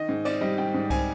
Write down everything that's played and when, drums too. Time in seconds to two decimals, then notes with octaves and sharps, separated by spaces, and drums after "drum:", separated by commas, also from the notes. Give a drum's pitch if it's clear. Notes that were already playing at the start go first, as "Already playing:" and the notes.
Already playing: D#3 D#5
0.09 G#2
0.25 C4 D5, drum: cymbal
0.41 G3 D#5
0.58 D#3 G5
0.74 G#2
0.90 C4 G#5, drum: kick C2, cymbal